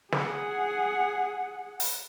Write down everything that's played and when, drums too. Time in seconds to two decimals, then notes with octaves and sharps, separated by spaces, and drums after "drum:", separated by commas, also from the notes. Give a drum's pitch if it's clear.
0.12 G#4 F#5, drum: snare
1.80 drum: open hi-hat